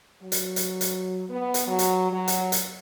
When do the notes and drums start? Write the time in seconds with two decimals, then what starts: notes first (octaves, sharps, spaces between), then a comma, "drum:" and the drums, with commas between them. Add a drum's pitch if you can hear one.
0.22 F#3
0.32 drum: hi-hat
0.56 drum: hi-hat
0.81 drum: hi-hat
1.30 B3
1.54 drum: hi-hat
1.66 F#3
1.79 drum: hi-hat
2.11 F#3
2.28 drum: hi-hat
2.52 drum: hi-hat